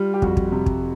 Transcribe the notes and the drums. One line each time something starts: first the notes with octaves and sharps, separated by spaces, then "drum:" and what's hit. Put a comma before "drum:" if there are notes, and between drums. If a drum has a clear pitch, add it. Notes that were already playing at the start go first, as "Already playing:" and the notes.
Already playing: G3 F4
G4
F2 F#4, drum: kick
drum: kick
C3
drum: kick